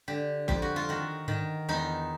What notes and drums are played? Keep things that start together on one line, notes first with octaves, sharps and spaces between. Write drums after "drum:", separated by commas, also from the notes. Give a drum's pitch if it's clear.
D3 G4
F2 G4, drum: kick G#1
F#4
F4
D#3 F#4
D#3, drum: tom G2
E2 D#4